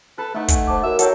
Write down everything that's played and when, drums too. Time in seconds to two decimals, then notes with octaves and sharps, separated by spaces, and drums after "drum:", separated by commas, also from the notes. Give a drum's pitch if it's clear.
0.18 A4 B4
0.35 A3 D#4 F#5
0.48 G#5 C#6, drum: kick, hi-hat
0.67 C5 A5 D6
0.83 F#4 A#4 C#5 E5
0.99 F#3 A4 E5 G5, drum: hi-hat